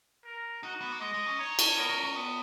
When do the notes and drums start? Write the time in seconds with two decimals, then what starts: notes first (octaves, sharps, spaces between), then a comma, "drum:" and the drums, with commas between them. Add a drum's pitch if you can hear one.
0.25 A#4
0.63 D#4 F#4
0.81 B3
0.92 A#3
1.01 G#3 D#5
1.14 G#3
1.26 C#4
1.39 D#4 C#5
1.59 C#4, drum: cymbal
1.77 B3 A#4
1.90 C#4
2.03 C#4
2.15 B3